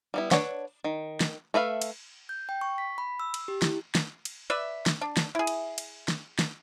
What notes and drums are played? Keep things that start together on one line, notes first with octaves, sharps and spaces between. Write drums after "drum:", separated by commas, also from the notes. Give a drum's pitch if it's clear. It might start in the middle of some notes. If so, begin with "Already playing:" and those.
G3 B3 E4
D4 B4 C#5 F#5, drum: snare
D#3
drum: snare
A3 B4 E5 F5
drum: cymbal
G6
G5
C#6
B6
B5
E6
drum: cymbal
G4
E4, drum: snare
drum: snare
drum: cymbal
B4 D5 E5
drum: snare
D4
drum: snare
E4 G#4
drum: cymbal
drum: cymbal
drum: snare
drum: snare